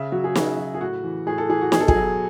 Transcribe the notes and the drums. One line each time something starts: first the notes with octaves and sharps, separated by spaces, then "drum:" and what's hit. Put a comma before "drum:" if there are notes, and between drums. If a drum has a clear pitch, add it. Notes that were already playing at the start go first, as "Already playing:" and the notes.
Already playing: C#3 E5
F#3 F#4
G#4
C#3 F#4, drum: snare
F#3
G#4
A2 F#4
E3
A2 G#4
A4
E3 G#4
F#4
B2 G#4, drum: snare
A4
G#4, drum: kick
F#3